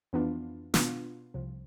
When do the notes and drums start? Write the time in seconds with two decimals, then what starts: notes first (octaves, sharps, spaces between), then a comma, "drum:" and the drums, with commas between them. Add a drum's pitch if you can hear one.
0.13 F2 E3 B3 D4 F4
0.74 B2 B3 D4 F4, drum: snare
1.34 C2 C3 F3